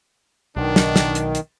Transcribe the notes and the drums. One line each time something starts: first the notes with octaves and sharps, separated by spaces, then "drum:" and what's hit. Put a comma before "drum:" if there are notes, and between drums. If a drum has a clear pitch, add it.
B1 D#3 D4
drum: snare
drum: snare
drum: hi-hat
drum: hi-hat